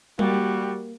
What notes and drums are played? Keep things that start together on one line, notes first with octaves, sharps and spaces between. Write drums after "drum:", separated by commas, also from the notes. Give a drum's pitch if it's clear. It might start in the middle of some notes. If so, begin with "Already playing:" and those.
G3 A#3 F#4, drum: tom G3